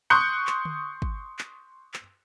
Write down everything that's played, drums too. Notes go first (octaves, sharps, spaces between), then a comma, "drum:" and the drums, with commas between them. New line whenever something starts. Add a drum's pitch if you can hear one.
C6 C#6 D#6 F#6 G6 C#7
drum: clap
drum: tom D3
drum: kick
drum: clap
drum: clap